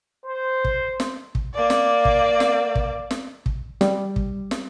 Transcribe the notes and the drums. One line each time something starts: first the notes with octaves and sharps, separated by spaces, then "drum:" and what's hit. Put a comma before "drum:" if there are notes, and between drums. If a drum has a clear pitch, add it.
C5
drum: kick
drum: snare
drum: kick
A#3 D5
drum: snare
drum: kick
drum: snare
drum: kick
drum: snare
drum: kick
G3, drum: snare
drum: kick
drum: snare